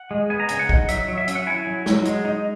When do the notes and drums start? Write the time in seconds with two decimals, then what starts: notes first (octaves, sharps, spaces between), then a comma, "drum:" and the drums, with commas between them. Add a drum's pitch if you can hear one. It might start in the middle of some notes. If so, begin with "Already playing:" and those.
Already playing: F#5
0.11 G#3
0.30 B3 G#5
0.40 A#5
0.49 C#3 G#5, drum: hi-hat
0.59 F#5
0.69 D#4, drum: kick
0.89 F#3 E5, drum: hi-hat
1.08 F#3
1.18 E5
1.28 C#4, drum: hi-hat
1.35 F#5
1.47 E4 G#5
1.67 F#3
1.86 F#3, drum: snare
2.05 G#3, drum: hi-hat
2.25 D#4